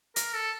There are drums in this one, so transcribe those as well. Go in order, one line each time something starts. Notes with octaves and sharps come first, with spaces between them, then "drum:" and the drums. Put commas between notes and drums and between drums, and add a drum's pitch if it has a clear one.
A#4, drum: hi-hat
A4